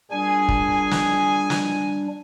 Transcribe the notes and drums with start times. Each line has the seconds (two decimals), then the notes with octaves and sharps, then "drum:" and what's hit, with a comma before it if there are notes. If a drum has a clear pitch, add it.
0.11 A#2 G3 D4 G#4 G#5
0.49 drum: kick
0.91 drum: snare
1.50 drum: snare